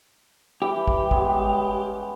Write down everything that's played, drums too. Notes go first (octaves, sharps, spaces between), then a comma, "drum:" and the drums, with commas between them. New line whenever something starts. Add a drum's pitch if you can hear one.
E3 G3 G4
drum: kick
G#3 B3 C#4, drum: kick